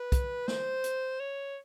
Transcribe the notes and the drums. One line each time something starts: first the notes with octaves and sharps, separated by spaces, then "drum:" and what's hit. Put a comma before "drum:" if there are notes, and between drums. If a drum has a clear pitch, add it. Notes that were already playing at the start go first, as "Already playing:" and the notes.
Already playing: B4
drum: kick, hi-hat
C5, drum: snare
drum: hi-hat
C#5